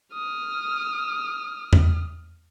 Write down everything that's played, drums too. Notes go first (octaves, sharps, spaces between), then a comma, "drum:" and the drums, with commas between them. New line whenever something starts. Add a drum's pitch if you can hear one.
D#6 F6
drum: tom E2